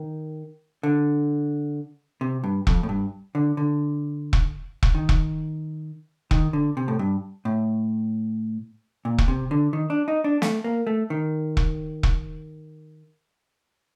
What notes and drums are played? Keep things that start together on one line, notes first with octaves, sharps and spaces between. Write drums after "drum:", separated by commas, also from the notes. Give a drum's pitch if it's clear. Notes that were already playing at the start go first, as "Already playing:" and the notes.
Already playing: D#3
D3
C3
G2
F2, drum: kick E1
A2
G2
D3
D3
drum: kick E1
drum: kick E1
D#3
drum: kick E1
D#3, drum: kick E1
D3
C3
A2
G2
A2
A#2
drum: kick E1
C3
D3
D#3
D4
D#4
D4
A3, drum: snare
A#3
A3
D#3
drum: kick E1
drum: kick E1